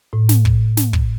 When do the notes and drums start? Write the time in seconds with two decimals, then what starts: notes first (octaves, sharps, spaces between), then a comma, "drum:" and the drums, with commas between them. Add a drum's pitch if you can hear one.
0.13 A2
0.29 drum: snare
0.45 drum: kick
0.77 drum: snare
0.93 drum: kick